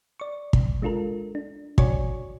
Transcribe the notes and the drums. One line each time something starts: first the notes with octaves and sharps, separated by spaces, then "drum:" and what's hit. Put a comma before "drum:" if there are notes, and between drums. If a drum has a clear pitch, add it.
D5 C#6
drum: kick
G#3 D4 F4 A4 A#4
D4
F#4 C#5 D5 G#5 C#6, drum: kick